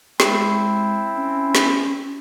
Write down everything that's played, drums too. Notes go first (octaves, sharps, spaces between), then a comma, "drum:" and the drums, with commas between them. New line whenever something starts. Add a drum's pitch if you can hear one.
G#3 C4 E4, drum: snare
C#4
drum: snare